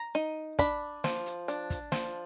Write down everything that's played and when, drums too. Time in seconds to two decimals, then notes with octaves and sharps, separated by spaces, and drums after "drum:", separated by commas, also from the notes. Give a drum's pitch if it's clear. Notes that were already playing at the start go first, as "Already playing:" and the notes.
Already playing: A#5
0.15 D#4
0.59 D4 B5, drum: kick, hi-hat
1.04 F3, drum: snare
1.26 drum: hi-hat
1.48 D4, drum: hi-hat
1.70 drum: kick, hi-hat
1.92 F3, drum: snare